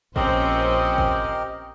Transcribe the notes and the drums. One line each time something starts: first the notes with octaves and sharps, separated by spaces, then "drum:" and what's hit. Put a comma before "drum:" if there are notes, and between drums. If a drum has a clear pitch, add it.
A#1 C4 C#4 G4 A#4 C5 D#5, drum: kick G1
drum: kick G1